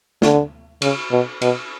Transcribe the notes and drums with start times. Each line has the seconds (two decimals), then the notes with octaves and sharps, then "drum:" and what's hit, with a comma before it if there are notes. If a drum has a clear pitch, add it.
0.22 D3, drum: snare
0.82 C#3, drum: cymbal
1.11 B2
1.42 B2, drum: cymbal